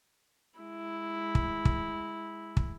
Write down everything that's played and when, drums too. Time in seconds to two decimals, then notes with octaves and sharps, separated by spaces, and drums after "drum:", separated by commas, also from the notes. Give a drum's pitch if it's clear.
0.59 G#3 E4
1.35 drum: kick
1.65 drum: kick
2.57 drum: kick